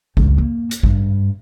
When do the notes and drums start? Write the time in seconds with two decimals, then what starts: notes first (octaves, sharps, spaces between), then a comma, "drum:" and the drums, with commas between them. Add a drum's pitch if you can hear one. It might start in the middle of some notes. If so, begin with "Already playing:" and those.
0.17 C#2 G2, drum: kick A1
0.38 A#3
0.71 drum: hi-hat
0.83 G2, drum: kick A1